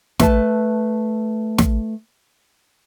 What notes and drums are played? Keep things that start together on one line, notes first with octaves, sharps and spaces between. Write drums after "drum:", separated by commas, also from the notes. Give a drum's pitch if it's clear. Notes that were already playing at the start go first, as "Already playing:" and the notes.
A3 B4 A5, drum: snare
drum: snare